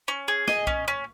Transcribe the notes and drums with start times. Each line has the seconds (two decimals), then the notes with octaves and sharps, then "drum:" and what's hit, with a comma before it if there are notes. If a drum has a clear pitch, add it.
0.08 C#4
0.28 G#4
0.48 D#5, drum: snare
0.67 C#4, drum: kick B1
0.88 C#4